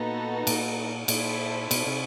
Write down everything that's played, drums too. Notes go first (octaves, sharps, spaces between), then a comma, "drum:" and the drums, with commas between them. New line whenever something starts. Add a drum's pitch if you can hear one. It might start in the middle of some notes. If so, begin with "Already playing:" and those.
Already playing: A#2 B3 D#4 F#4 A4
A#2, drum: cymbal
A#2 E4 A4 C5 E5, drum: cymbal
B2, drum: cymbal
C3